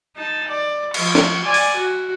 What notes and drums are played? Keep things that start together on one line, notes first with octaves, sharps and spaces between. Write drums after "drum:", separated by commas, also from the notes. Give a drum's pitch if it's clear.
D#4 A5
D5
F3 C#6, drum: cymbal
drum: snare
D5 G#5
drum: open hi-hat
F#4